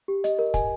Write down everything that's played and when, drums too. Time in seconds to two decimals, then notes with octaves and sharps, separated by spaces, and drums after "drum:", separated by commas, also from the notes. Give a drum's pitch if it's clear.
0.08 G4
0.24 D#5, drum: hi-hat
0.39 A#4
0.54 G#5, drum: kick, hi-hat